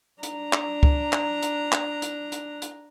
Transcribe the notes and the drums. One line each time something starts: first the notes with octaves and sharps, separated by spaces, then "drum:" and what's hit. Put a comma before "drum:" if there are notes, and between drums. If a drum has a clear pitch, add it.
D4 A#5, drum: hi-hat
drum: clap
drum: kick
drum: clap
drum: hi-hat
drum: clap
drum: hi-hat
drum: hi-hat
drum: hi-hat